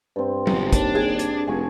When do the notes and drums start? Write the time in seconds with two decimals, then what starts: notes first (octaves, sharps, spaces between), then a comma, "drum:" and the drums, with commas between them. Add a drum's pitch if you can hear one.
0.16 G2 C4
0.47 G1 G#2 B2, drum: tom
0.73 D#2 D4, drum: kick, hi-hat
0.95 G#4
1.19 drum: hi-hat
1.47 F1 G#5 C#6